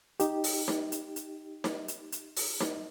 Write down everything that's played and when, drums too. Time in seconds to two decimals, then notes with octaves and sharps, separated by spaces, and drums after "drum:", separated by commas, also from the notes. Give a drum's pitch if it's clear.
0.20 D#4 G4, drum: hi-hat
0.44 drum: open hi-hat
0.68 drum: snare D#4
0.92 drum: hi-hat
1.16 drum: hi-hat
1.64 drum: snare D#4
1.88 drum: hi-hat
2.12 drum: hi-hat
2.36 drum: open hi-hat
2.60 drum: snare D#4